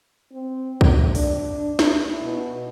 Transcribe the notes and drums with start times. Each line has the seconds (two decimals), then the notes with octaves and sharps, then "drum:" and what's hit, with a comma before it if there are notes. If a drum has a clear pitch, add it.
0.32 C4
0.81 C3, drum: kick C2
1.15 D4, drum: open hi-hat
1.79 E4, drum: snare
2.23 B2